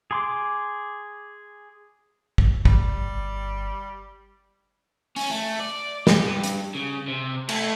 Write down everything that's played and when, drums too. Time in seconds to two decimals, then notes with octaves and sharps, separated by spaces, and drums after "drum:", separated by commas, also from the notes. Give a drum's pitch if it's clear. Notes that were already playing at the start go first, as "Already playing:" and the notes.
0.11 G#4 C6 D6
2.38 drum: kick
2.65 G1 G3, drum: kick
5.16 C#4, drum: open hi-hat
5.31 A3
5.60 D5
6.07 G4, drum: snare
6.26 G2
6.44 drum: hi-hat
6.74 C#3
7.07 C3
7.49 A3, drum: cymbal